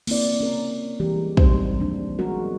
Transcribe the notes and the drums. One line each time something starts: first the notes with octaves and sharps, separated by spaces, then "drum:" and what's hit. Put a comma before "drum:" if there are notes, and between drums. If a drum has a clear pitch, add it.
A#3 C4 E4 D5, drum: cymbal
C#4 A#4
E3 G3 G#3 G4 A#4
A#2 E3 G3 C4 D#4 C5, drum: kick
F3 A#3 D4
F#3 G#3 B3 F#4 A#4